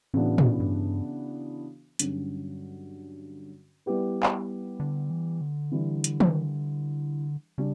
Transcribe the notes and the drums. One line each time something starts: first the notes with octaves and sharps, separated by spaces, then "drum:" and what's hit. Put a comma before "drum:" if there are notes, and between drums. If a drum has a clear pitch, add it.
A2 C#3 E3 B3 D4 F#4
drum: tom
G2
G2 D3 F#3 C#4 F#4, drum: hi-hat
G3 B3 E4 G4 B4
drum: clap
D3
E3
D3
E3 G3 D4
drum: hi-hat
drum: tom D#3
C#3 G3 D4